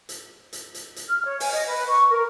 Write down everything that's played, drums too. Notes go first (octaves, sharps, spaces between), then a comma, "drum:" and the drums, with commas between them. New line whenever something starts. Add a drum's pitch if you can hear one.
drum: hi-hat
drum: hi-hat
drum: hi-hat
drum: hi-hat
F6
C#5
G#5, drum: open hi-hat
D#5
B4
C#6
A#4